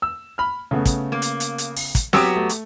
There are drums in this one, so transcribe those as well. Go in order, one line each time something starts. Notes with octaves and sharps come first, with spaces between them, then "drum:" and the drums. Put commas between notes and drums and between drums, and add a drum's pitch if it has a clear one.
E6
B5 F6
C#3 A3 B3
drum: kick, hi-hat
A#3
drum: hi-hat
drum: hi-hat
drum: hi-hat
drum: open hi-hat
drum: kick, hi-hat
F#3 B3 G4 D#6 E6 C#7, drum: snare C4
A3
drum: hi-hat